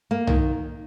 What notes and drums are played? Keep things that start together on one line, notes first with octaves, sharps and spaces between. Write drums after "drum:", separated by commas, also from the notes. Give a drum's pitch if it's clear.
A#3
D#3, drum: tom